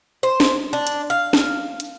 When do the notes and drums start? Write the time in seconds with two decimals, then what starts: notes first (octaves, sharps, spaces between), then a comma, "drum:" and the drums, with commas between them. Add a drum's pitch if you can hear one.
0.23 C5
0.40 drum: snare
0.73 D4
0.87 drum: hi-hat
1.10 F5
1.33 drum: snare
1.80 drum: hi-hat